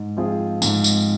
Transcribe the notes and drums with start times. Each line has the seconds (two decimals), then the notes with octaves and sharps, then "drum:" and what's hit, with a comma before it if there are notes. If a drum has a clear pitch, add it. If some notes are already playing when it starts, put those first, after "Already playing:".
Already playing: G#2
0.17 F3 C4 F4 G#4
0.62 G#2, drum: tambourine
0.84 drum: tambourine